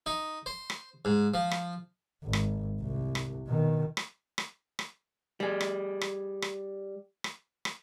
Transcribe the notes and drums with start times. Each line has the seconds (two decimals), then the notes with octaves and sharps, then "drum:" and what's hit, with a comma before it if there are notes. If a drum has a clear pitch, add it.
0.06 D#4
0.46 C5
0.70 drum: rim click
1.05 G#2
1.34 F3
1.51 drum: rim click
2.24 G#1
2.33 drum: rim click
2.82 C2
3.15 drum: rim click
3.47 B2 D#3
3.97 drum: rim click
4.38 drum: rim click
4.79 drum: rim click
5.40 G3 G#4
5.61 drum: rim click
6.01 drum: rim click
6.42 drum: rim click
7.24 drum: rim click
7.65 drum: rim click